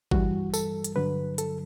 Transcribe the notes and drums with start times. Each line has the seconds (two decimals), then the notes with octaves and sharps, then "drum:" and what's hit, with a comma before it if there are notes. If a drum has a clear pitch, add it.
0.11 G2 E3 G3 F#4, drum: kick
0.54 A4, drum: tambourine
0.84 drum: hi-hat
0.96 G2 D3 F#3 B4
1.38 A4, drum: hi-hat